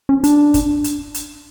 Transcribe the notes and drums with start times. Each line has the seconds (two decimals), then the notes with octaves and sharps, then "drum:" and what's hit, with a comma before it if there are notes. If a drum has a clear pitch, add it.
0.09 C#4
0.24 D4, drum: hi-hat
0.54 drum: kick, hi-hat
0.84 drum: hi-hat
1.14 drum: hi-hat